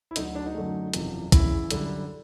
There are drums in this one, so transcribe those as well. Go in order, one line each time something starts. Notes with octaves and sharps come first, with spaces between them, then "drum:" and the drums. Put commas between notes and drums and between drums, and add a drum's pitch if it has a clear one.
E4
D2 D3 F#3 D#4, drum: hi-hat
D4
D#4
F#2 D3 F#3 A3
F#1 E2 C3 F3, drum: hi-hat
E2 C#3 E3 E4, drum: kick, hi-hat
F#2 D3 G3, drum: hi-hat